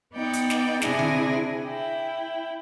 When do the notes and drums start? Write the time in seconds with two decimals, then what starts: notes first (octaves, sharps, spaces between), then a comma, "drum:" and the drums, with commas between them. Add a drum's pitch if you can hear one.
0.14 B3 D#4 D5 G5
0.33 drum: hi-hat
0.50 drum: snare
0.82 C3 D4 E4 G#4 G#5 A#6, drum: snare
0.99 drum: tom D3
1.63 E4 G5